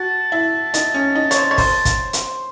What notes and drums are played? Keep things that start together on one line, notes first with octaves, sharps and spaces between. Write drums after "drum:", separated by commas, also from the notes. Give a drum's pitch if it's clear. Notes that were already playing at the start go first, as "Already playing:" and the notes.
Already playing: F#4 A5
E4
D#4, drum: hi-hat
C#4
D#4
C#5, drum: hi-hat
C5
C#5
C5, drum: kick, open hi-hat
drum: kick, hi-hat
drum: hi-hat